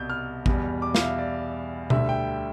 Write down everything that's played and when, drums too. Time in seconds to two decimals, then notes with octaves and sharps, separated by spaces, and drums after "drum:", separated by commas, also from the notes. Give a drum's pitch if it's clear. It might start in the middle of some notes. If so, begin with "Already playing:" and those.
Already playing: C2 B2 G3 G6
0.10 F6
0.46 E2 B2 G3, drum: kick A1
0.82 D6
0.95 F5, drum: snare
1.01 E5
1.19 D5
1.90 D2 D3 G3 E5, drum: tom B2
2.09 G5